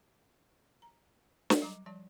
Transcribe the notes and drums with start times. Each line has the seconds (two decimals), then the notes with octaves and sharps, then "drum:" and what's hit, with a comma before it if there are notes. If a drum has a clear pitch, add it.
0.82 A#5
1.50 drum: snare
1.62 F#3 G3 D#5 A#5 D6
1.86 F3 G3 D5 A5